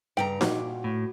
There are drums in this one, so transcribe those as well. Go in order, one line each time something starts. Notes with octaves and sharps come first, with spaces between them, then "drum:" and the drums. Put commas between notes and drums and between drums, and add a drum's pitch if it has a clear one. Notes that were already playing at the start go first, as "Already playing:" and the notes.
G2 C#3 G5 A#5
A#2 F#4, drum: snare D#4
A2